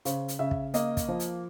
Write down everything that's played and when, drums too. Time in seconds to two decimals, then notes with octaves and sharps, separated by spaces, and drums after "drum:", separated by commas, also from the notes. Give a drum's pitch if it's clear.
0.05 C#3 C5, drum: hi-hat
0.28 drum: hi-hat
0.39 C#3 E5
0.51 drum: kick
0.74 A#3 D#5, drum: hi-hat
0.97 drum: kick, hi-hat
1.08 F3
1.20 drum: hi-hat